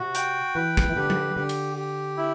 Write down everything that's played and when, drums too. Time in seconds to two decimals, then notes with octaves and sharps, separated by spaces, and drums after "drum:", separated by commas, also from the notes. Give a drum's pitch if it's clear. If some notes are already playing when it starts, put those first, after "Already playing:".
Already playing: C3 F#4
0.15 G5, drum: hi-hat
0.55 E3 B4
0.77 drum: kick
0.90 E3
0.96 D3 G4
1.10 drum: tom F#3
1.36 D3 G4
1.49 drum: cymbal
1.76 G4
2.17 E4